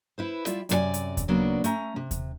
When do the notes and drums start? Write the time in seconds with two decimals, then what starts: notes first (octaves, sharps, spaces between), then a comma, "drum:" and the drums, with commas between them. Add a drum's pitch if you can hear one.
0.18 E4 B4 C5
0.46 G3 E4 F4 D5 E5, drum: hi-hat
0.69 F#2 C3 D4 E4 D5 G#5, drum: hi-hat
0.94 drum: hi-hat
1.17 drum: kick D#2, hi-hat
1.28 C#3 F#3 A#3 B3 D4
1.64 A3 C#4 A#5, drum: hi-hat
1.96 C3
2.11 drum: kick D#2, hi-hat